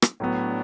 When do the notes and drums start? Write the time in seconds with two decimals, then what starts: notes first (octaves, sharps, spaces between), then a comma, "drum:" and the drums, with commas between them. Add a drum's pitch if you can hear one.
0.02 drum: rim click
0.20 A2 F#3 B3 D4